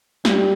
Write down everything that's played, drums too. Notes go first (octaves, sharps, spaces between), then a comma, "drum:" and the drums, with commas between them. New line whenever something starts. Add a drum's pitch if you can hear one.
G3, drum: snare